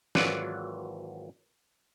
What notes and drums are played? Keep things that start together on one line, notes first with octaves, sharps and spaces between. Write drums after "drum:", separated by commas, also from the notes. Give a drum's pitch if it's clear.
G#1 E3 F#3 F4 D5 F#5, drum: snare